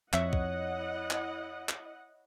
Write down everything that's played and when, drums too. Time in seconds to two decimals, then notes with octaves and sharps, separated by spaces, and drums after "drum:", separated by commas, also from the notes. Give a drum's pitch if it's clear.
0.13 F2 E4 C#5 D#5 E5 F#5, drum: clap
0.33 drum: kick
1.11 drum: clap
1.69 drum: clap